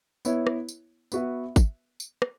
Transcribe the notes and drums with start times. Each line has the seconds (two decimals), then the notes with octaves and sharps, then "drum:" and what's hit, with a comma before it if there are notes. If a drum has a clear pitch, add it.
0.25 B3 E4 C#5, drum: tambourine
0.47 drum: rim click
0.68 drum: tambourine
1.12 B3 F#4 B4 E5, drum: tambourine
1.56 drum: kick G#1, tambourine
2.00 drum: tambourine
2.22 drum: rim click